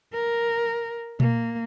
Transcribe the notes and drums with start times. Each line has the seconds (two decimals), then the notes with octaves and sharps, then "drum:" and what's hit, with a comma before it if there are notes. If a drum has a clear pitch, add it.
0.14 A#4
1.20 A#3, drum: tom A#2